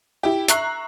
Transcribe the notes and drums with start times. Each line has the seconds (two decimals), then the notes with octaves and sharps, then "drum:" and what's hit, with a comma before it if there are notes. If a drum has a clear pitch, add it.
0.23 E4 G4
0.48 E5 A#5 C#6 F#6 C7, drum: hi-hat